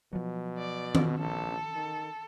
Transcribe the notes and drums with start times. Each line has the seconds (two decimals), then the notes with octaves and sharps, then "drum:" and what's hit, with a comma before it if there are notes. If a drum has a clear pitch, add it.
0.13 B2 F3 F#3
0.58 D5
0.95 drum: tom
1.19 A#1 A4
1.76 D#3